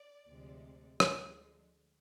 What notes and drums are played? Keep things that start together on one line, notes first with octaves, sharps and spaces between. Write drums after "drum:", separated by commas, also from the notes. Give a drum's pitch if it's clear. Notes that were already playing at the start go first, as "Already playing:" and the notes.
Already playing: D5
D2 C3 F3 G#3
D2 D3 F3 G#3, drum: rim click